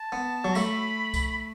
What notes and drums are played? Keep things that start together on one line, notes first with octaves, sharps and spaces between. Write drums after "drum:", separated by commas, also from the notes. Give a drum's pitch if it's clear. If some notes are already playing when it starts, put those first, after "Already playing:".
Already playing: A5
B3
F#3
A3 B5, drum: tambourine
drum: kick C2, tambourine